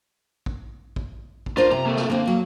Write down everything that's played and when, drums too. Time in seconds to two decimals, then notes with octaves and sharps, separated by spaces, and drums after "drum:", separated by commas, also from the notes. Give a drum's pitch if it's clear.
0.46 drum: kick A1
0.96 drum: kick A1
1.46 drum: kick A1
1.57 D4 F4 A#4 C5
1.71 C3 A#5
1.86 A#3 A4
1.96 drum: snare
2.10 D3 A#3 C4
2.27 F#3